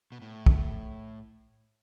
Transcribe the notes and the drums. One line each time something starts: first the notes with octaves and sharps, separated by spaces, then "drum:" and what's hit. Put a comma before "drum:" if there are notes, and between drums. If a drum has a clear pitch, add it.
B2
A2
drum: kick